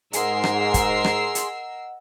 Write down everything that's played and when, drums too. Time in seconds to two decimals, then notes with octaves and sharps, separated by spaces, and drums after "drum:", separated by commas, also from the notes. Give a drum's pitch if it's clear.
0.13 G#2 G#4 A#4 D#5 F#5 C6 E6 C7, drum: hi-hat
0.44 drum: rim click
0.74 drum: kick, hi-hat
1.04 drum: rim click
1.35 drum: hi-hat